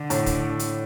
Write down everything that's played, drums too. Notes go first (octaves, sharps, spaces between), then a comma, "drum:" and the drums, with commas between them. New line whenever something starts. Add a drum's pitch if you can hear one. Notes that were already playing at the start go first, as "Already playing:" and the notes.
Already playing: D3
A2, drum: hi-hat
drum: kick, hi-hat
drum: hi-hat